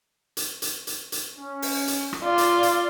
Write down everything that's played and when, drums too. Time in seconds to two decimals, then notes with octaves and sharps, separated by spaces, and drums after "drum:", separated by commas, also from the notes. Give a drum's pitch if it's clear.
0.37 drum: hi-hat
0.62 drum: hi-hat
0.87 drum: hi-hat
1.12 drum: hi-hat
1.37 C#4
1.62 drum: open hi-hat
1.87 drum: hi-hat
2.13 drum: rim click
2.24 F4 D5
2.38 drum: hi-hat
2.63 drum: hi-hat